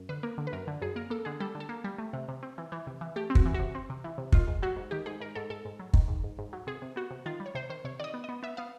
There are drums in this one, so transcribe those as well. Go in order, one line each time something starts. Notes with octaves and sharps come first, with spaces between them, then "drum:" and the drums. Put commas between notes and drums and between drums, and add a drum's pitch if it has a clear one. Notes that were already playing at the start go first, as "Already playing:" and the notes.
Already playing: F#2
D3 B4
A#3 A#4
D3
B4
F#2 A#4
D3
F#2 G#4
A#3 A#4
A#3 A4
D3 G#4
G3 A4
D3
A4
A#3
G3
A3
C3
C3
C4
E3
E3
C3
E3
A3 G4
C4
F#4, drum: kick
E3
C3 F#4
C4
C3
E3
C3
D#3 F4, drum: kick
G#2
F#3 F#4
G#2
D#3 G4
G#2 G#4
G#2 A#4
G#2 A4
G#2 A4
G#2
F#3
D#3, drum: kick
G#2
G#2
G#2
F#3
C3 G#4
C3
B3 F#4
C3
D#3 F4
G3
C#5
C3 C5
D#3 C5
C3 C#5
D#3 D5 D#5
B3
B3 D#5
B3 E5
B3 F5